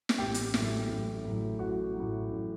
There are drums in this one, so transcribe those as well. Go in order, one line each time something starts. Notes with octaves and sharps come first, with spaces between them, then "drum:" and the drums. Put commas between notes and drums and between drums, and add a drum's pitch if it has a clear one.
drum: snare
A1 G4 G5
drum: hi-hat
A2 F#3, drum: snare
A1
A2 F#3
A1 F#4 F#5
A2 F#3
A1